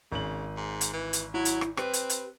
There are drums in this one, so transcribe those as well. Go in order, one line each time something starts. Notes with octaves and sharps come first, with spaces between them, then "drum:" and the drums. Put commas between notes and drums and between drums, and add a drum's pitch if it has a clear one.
G#1 C#3 F#7
G#2
drum: hi-hat
E3
drum: hi-hat
F#3 E4
drum: hi-hat
drum: rim click
C4 G4 B4, drum: rim click
drum: hi-hat
drum: hi-hat